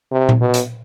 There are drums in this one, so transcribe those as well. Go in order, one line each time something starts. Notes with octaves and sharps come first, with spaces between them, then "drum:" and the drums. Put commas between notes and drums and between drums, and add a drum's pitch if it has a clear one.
C3
drum: tom A#2
B2
drum: hi-hat